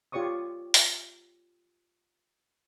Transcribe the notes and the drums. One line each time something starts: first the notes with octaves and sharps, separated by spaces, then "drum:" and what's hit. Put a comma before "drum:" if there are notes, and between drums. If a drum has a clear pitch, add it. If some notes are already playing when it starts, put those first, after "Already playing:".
F4 G4 C#5 D5 C#6 D#6
drum: open hi-hat